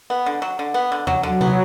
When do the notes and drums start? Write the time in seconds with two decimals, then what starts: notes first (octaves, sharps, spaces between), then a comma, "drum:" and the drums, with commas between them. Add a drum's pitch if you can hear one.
0.10 B3
0.26 D3
0.42 F#3
0.59 D3
0.74 B3
0.92 D3
1.07 F#3, drum: tom E2
1.23 D3 F#3
1.41 B3, drum: tom C3